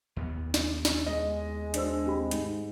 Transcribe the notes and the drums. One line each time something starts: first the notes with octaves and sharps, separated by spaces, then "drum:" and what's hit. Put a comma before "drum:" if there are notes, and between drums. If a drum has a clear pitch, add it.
D#2 B3
drum: snare
drum: snare
G#3 D#5
D4 C5 E6, drum: hi-hat
C4 G4 B5
G#2, drum: hi-hat